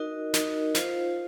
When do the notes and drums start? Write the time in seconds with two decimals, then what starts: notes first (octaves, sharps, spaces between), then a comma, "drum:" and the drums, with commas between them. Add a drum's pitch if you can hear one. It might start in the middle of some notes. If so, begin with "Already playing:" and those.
Already playing: D#4 F#4 A#4 D#5
0.34 D#4 F#4 A#4 D#5, drum: snare
0.75 F4 C5 F5, drum: snare